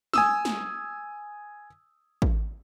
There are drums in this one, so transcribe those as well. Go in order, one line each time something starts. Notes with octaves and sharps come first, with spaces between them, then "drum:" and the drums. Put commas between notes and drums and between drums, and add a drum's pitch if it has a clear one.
G#5 D#6 E6, drum: snare
drum: snare
drum: kick